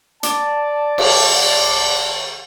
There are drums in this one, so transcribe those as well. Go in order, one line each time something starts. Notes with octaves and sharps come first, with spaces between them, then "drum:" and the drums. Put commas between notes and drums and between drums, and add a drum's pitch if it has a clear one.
D5 A5, drum: hi-hat
drum: cymbal